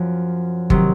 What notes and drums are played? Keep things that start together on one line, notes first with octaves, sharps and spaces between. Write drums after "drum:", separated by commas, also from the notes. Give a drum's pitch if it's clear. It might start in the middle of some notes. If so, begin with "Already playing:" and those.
Already playing: F#2 F3
C3 D#3 F#3, drum: kick G1